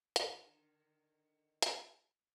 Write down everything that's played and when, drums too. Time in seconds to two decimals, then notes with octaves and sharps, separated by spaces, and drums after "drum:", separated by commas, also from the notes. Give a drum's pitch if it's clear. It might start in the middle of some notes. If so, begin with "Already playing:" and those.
0.16 D3 D#3 A#4, drum: hi-hat
1.62 drum: hi-hat